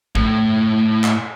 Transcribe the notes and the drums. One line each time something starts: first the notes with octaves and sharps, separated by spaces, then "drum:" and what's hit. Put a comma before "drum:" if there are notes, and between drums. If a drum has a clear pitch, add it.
A2, drum: kick A1
drum: clap